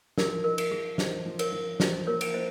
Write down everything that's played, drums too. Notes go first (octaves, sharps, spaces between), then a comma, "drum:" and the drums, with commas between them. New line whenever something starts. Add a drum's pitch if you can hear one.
F3 A#4, drum: snare
D#4 A#4
drum: cymbal
F3 G#4
D#4 C5, drum: snare
F3
A#4 C#5, drum: cymbal
F3
F3 C5, drum: snare
A#3 A#4 C#5
drum: cymbal
A#3 C5 D#5